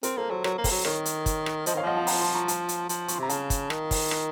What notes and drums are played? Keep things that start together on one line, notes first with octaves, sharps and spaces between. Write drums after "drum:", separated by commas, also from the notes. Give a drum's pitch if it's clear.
C4 A#4, drum: hi-hat
A#3 A4 C5
F#3 A4 C5
F#3 A#4 C#5, drum: rim click
A#3
A4 C5, drum: kick, open hi-hat
F#3
D#3 A#4 C#5, drum: rim click
drum: hi-hat
drum: kick, hi-hat
drum: rim click
F3 C5 D#5, drum: hi-hat
D#3 C#5 F5
F3 D#5 F#5
F5 A5
F#5 A#5, drum: open hi-hat
A5 C6
A#5 C#6
A5 C6, drum: hi-hat
drum: hi-hat
F3, drum: hi-hat
C#6, drum: hi-hat
C6
C3 A#5
C#3 F5 A5, drum: hi-hat
drum: kick, hi-hat
D#3, drum: rim click
drum: kick, open hi-hat
drum: rim click